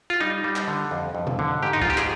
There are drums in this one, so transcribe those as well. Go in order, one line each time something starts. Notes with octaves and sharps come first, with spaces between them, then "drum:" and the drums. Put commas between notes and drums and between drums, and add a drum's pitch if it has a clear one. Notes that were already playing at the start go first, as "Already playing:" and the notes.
F4
G3 D#4
G3
drum: clap
D3
F2
F2
drum: tom B2
D3
G#2 G4
D#4
F4, drum: kick
G#2 G4
G#4, drum: clap